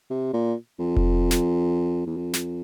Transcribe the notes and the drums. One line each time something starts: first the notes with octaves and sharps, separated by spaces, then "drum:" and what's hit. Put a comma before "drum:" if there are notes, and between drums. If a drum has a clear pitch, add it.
C3
A#2
F2
drum: kick F1
drum: snare
E2
F2
drum: snare